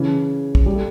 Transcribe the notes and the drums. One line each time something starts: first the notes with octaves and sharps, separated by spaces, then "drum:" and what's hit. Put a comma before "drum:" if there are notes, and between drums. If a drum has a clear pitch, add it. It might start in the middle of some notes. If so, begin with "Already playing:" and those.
Already playing: C#3 E3
drum: kick
G3
A3